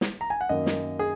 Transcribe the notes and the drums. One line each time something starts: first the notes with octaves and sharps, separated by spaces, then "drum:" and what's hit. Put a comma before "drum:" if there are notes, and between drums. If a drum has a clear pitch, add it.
drum: snare
A#5
G#5
F#5
F#2 D#3 A#3 D#5
drum: snare
G#4